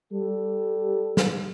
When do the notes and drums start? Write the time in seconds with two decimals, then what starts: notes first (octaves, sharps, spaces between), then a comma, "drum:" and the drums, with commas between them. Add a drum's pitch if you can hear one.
0.12 G3 A4
1.17 drum: snare